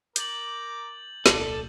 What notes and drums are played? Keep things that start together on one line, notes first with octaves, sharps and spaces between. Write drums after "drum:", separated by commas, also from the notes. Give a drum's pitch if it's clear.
A#4 A#5 D6 G6 A6 F#7, drum: hi-hat
D1 B1 A#3 A4 D5 F#7, drum: snare